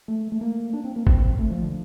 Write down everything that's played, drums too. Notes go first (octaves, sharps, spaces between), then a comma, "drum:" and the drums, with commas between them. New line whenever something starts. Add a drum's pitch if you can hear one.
A3
A3
A#3
D4
C4
A#3
C4, drum: kick G1
A3
F3
D3